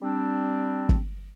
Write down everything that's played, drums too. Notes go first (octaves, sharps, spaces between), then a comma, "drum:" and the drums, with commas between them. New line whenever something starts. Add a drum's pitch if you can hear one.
G3 C4 D4
drum: kick